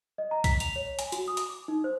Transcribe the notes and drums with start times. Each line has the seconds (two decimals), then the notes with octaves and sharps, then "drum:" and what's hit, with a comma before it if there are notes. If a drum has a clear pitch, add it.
0.18 D#5
0.31 A#5
0.44 B6, drum: kick B1, hi-hat
0.60 F7, drum: hi-hat
0.76 C#5
0.99 G#5, drum: hi-hat
1.12 F#4, drum: hi-hat
1.28 D#6
1.37 drum: hi-hat
1.50 D6
1.68 D#4
1.84 C5